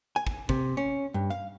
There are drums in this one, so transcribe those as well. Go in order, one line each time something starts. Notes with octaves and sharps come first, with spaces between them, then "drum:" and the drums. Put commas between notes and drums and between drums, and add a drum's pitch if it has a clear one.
G#5
drum: kick
C3, drum: kick
C#4
G2
F5